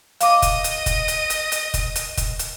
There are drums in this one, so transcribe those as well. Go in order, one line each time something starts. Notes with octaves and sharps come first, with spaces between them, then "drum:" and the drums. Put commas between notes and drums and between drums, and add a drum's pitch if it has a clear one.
D#5 F5 D6 D#7, drum: hi-hat
drum: kick F1, hi-hat
drum: hi-hat
drum: kick F1, hi-hat
drum: hi-hat
drum: hi-hat
drum: hi-hat
drum: kick F1, hi-hat
drum: hi-hat
drum: kick F1, hi-hat
drum: hi-hat